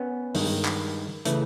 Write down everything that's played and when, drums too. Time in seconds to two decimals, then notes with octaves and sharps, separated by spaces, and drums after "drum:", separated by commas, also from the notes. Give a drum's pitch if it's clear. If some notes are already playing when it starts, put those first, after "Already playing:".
Already playing: B3 C#4
0.34 G2 D#3 G#3, drum: open hi-hat
0.65 drum: clap
1.25 C#3 E3 A3, drum: hi-hat